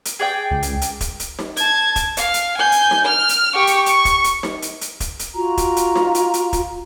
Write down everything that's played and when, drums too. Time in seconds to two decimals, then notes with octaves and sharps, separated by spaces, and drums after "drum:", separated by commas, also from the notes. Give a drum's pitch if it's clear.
0.05 drum: hi-hat
0.19 G#4 D5 G5
0.51 C#2
0.62 drum: hi-hat
0.82 drum: hi-hat
1.01 drum: kick, hi-hat
1.20 drum: hi-hat
1.39 drum: snare D#4
1.57 A5 G#6, drum: hi-hat
1.96 drum: kick, hi-hat
2.17 F5, drum: hi-hat
2.34 drum: hi-hat
2.57 G#5 G6
2.72 drum: hi-hat
2.91 drum: snare D#4
3.05 F6
3.29 drum: hi-hat
3.54 G4 C#6
3.67 drum: hi-hat
3.86 C#6, drum: hi-hat
4.05 drum: kick, hi-hat
4.24 drum: hi-hat
4.43 drum: snare D#4
4.62 drum: hi-hat
4.81 drum: hi-hat
5.00 drum: kick, hi-hat
5.19 drum: hi-hat
5.34 F4 F#4 A#5
5.57 drum: kick, hi-hat
5.77 drum: hi-hat
5.96 drum: snare D#4
6.15 drum: hi-hat
6.34 drum: hi-hat
6.53 drum: kick, hi-hat